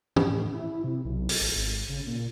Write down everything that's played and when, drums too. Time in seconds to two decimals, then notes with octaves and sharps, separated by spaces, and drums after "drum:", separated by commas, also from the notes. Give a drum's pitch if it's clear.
0.16 G2, drum: tom
0.29 A2
0.55 E4
0.84 C3
1.05 B1
1.29 drum: open hi-hat
1.41 A1
1.56 G#1
1.89 C#3
2.07 A#2